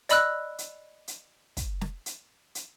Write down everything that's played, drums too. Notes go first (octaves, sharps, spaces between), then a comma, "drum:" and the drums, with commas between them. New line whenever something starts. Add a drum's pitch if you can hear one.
D5 D#5 B5 E6 F#6, drum: hi-hat
drum: hi-hat
drum: hi-hat
drum: kick, hi-hat
drum: snare
drum: hi-hat
drum: hi-hat